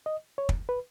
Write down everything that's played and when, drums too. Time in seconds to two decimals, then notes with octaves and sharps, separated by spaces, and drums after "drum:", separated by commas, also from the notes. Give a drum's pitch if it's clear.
0.06 D#5
0.38 C#5
0.49 drum: kick
0.69 B4